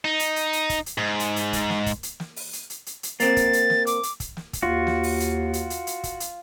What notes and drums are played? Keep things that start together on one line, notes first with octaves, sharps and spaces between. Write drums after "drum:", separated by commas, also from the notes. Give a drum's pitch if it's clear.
D#4
drum: hi-hat
drum: hi-hat
drum: hi-hat
drum: kick, hi-hat
drum: hi-hat
G#2
drum: hi-hat
drum: hi-hat
drum: kick, hi-hat
drum: snare
drum: kick, hi-hat
drum: hi-hat
drum: snare
drum: open hi-hat
drum: hi-hat
drum: hi-hat
drum: hi-hat
drum: hi-hat
A#3 C4 A6, drum: hi-hat
drum: kick, hi-hat
drum: hi-hat
drum: snare
D6, drum: hi-hat
drum: hi-hat
drum: kick, hi-hat
drum: snare
drum: kick, hi-hat
D#2 F4 F#4
drum: snare
drum: open hi-hat
drum: hi-hat
drum: hi-hat
drum: hi-hat
drum: hi-hat
drum: kick, hi-hat
drum: hi-hat